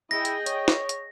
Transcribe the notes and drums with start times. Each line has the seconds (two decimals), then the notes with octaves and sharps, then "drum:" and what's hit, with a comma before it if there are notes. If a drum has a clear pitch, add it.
0.11 E4 G#4 D#5 G5 A#6
0.25 drum: hi-hat
0.46 C#5, drum: hi-hat
0.68 drum: snare
0.89 drum: hi-hat